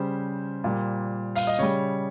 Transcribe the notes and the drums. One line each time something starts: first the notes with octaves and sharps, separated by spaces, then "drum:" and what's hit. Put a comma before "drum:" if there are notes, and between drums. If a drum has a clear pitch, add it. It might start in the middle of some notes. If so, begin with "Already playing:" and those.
Already playing: C#3 G3 C5
A#2 G3
F5, drum: open hi-hat
D#5
C#3 G3 C#5